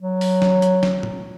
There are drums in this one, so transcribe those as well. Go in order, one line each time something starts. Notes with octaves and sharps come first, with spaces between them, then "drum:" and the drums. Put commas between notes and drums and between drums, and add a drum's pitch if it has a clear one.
F#3
drum: open hi-hat
drum: snare
drum: hi-hat
drum: snare
drum: tom A2